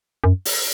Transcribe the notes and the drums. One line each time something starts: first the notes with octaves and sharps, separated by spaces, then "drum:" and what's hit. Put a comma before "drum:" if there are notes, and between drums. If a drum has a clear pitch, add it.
F#2
drum: open hi-hat